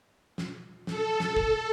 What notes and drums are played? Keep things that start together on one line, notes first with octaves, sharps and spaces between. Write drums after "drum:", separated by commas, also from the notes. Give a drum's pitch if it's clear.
drum: snare
A4, drum: snare
drum: snare
drum: kick